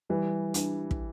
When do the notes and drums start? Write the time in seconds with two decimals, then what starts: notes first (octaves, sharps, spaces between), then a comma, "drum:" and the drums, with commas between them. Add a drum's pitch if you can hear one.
0.09 E3 G3
0.54 D4, drum: hi-hat
0.91 drum: kick